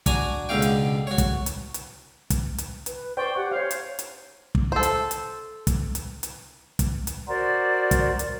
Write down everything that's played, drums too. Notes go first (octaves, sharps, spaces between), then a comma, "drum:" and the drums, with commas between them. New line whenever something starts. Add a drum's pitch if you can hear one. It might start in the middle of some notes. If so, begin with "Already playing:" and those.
D4 F#4 G#5 A#5, drum: kick, hi-hat
C#2 B2 D3 F5 G5
drum: hi-hat
F#4 C#5
drum: kick, hi-hat
drum: hi-hat
drum: hi-hat
drum: kick, hi-hat
drum: hi-hat
B4, drum: hi-hat
C5 D5 G5 C#6
G4 F#5
C5 C#5 F5
drum: hi-hat
drum: hi-hat
drum: kick
A4 C5
drum: hi-hat
drum: hi-hat
drum: kick, hi-hat
drum: hi-hat
drum: hi-hat
drum: kick, hi-hat
drum: hi-hat
F#4 A#4 C5 D5
drum: kick, hi-hat
drum: hi-hat